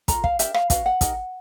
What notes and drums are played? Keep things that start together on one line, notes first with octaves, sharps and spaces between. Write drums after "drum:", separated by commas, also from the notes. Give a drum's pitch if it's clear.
F4 A4 A#5, drum: kick, hi-hat
F5, drum: kick
D4 G4 A#4 E5, drum: hi-hat
F5, drum: rim click
C#4 F#4 B4 F5, drum: kick, hi-hat
F#5
D#4 G4 A#4, drum: kick, hi-hat